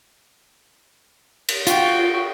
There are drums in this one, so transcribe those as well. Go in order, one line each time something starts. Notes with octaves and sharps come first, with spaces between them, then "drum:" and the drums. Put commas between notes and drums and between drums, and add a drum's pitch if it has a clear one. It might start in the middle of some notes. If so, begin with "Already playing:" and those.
drum: cymbal
F4 F#4 G5, drum: hi-hat